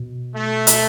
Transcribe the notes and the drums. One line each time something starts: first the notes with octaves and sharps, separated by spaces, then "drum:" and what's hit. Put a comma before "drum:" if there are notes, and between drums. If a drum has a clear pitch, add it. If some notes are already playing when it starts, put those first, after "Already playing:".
Already playing: B2
A3
drum: hi-hat